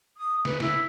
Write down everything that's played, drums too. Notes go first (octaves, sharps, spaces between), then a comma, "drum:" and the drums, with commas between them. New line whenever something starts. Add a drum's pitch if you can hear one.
D#6
B4, drum: snare
E4, drum: snare